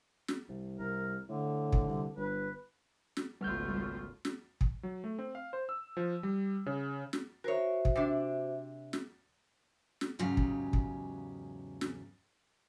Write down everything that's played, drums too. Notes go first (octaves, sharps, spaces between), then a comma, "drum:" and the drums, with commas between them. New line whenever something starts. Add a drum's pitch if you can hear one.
drum: snare
C2
C2 A#4
A2 D3
drum: kick
C2
G1 B4
drum: snare
G#1 C#2 G3 A3 B3 F4 F6 G6
drum: snare
drum: kick
F#3
A3
C4
F5
C5
E6
F3
G3
C#3
drum: snare
F#4 A#4 C5 C#5 E5
drum: kick
C3 D4
drum: snare
drum: snare
E2 G#2 C#3 F#3 G4 F5
drum: kick
drum: kick
drum: snare